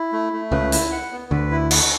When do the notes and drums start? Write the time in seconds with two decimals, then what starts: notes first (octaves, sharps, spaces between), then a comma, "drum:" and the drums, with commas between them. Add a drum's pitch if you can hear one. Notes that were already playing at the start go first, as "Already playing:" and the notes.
Already playing: E4
0.13 A3
0.33 A3
0.52 C#2 C#3 B4
0.72 E4, drum: hi-hat
0.92 F#5
1.12 B3
1.31 D2 D3 B4
1.51 E4
1.71 F#5, drum: cymbal